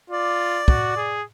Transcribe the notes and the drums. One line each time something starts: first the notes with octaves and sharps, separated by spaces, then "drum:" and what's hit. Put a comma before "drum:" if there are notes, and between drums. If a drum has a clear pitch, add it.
F4 D5
F#4, drum: kick
G#4